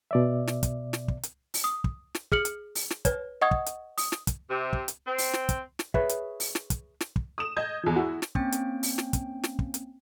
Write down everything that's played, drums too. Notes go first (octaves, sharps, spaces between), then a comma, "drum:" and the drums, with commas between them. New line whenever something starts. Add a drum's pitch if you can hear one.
B2 D5 E5
drum: snare
drum: kick, hi-hat
drum: snare
drum: kick
drum: hi-hat
drum: open hi-hat
D#6
drum: kick
drum: snare
G#4 F6 C#7 F#7, drum: kick
drum: hi-hat
drum: open hi-hat
drum: snare
B4 C#5, drum: kick, hi-hat
D#5 F#5 C#6 D#6 G#6
drum: kick
drum: hi-hat
D#6, drum: open hi-hat
drum: snare
drum: kick, hi-hat
C3
drum: kick
drum: hi-hat
C4
drum: open hi-hat
drum: snare
drum: kick, hi-hat
drum: snare
G#4 B4 C#5 E5, drum: kick
drum: hi-hat
drum: open hi-hat
drum: snare
drum: kick, hi-hat
drum: snare
drum: kick
D#6 E7
D#5 G6 G#6
E2 F3
E4 F#4
drum: snare
A#3 C4 C#4 G5, drum: kick
drum: hi-hat
drum: open hi-hat
drum: snare
drum: kick, hi-hat
drum: snare
drum: kick
drum: hi-hat